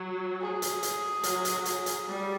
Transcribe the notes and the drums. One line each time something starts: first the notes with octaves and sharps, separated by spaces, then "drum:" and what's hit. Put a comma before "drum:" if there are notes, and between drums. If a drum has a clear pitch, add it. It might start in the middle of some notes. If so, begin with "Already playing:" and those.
Already playing: F#3
G#4
drum: hi-hat
drum: hi-hat
F#3, drum: hi-hat
drum: hi-hat
drum: hi-hat
drum: hi-hat
G3